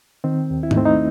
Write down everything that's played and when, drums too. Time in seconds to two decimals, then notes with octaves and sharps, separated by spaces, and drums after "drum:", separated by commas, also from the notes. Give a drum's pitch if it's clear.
0.24 D#3 C4
0.51 D#2
0.63 E4
0.71 D#4, drum: tom G#2
0.76 A3 C4
0.85 D#4